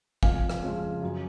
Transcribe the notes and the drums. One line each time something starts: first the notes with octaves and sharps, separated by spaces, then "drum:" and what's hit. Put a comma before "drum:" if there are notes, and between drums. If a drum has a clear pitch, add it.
F2 F5 G#5, drum: kick
drum: rim click
C#3 F3 G#3
F#2